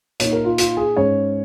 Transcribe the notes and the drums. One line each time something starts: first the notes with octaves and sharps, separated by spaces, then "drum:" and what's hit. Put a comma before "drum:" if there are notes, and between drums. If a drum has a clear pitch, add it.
A#2 A#3 D#4 C#5, drum: hi-hat
A#4
F4
F4, drum: hi-hat
G#4
G#2 G#3 C#4 C#5